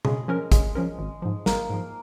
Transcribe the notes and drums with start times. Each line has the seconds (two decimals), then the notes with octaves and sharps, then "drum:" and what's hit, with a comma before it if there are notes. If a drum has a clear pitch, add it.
0.05 C#3 G#3, drum: tom B2
0.28 F3 C#4 A#4
0.52 C#3 G#3, drum: kick, hi-hat
0.75 F3 C#4 A#4
0.99 G#1
1.22 G#2 F3
1.46 G#1 A#3, drum: snare
1.70 G#2 F3